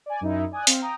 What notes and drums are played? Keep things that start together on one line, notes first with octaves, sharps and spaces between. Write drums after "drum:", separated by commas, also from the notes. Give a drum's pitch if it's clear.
D5 G#5
F#2 D#4 E4
D5 G#5 D#6 F#6
C4 F5, drum: hi-hat
G5 A#5 D#6